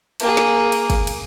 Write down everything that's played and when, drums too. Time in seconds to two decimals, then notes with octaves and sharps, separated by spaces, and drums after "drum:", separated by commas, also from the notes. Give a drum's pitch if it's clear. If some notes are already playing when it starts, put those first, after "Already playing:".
0.20 A#3 G#4, drum: cymbal
0.37 drum: snare
0.72 drum: cymbal
0.90 drum: kick, cymbal
1.07 drum: cymbal